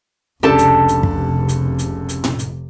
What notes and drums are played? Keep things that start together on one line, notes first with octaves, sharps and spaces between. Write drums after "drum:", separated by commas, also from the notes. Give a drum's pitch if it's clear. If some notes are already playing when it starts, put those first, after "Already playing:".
F1 C#2 C3 D4 G4 A4 A5
drum: hi-hat
drum: hi-hat
drum: kick
drum: hi-hat
drum: hi-hat
drum: hi-hat
drum: tom A2
drum: hi-hat